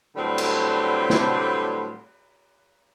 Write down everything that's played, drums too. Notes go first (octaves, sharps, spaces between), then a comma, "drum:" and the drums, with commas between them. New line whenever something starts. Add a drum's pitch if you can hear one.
A2 D3 F#3 G3 C4 B4
drum: cymbal
drum: snare